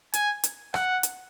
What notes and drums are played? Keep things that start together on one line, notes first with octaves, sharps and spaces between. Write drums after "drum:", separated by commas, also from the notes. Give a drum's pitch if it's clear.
G#5, drum: hi-hat
drum: hi-hat
F#5, drum: rim click
drum: hi-hat